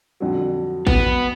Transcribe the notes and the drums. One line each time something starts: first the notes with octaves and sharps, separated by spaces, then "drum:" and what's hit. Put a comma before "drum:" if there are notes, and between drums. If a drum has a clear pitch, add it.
F2 D3 F#3
B3, drum: kick A1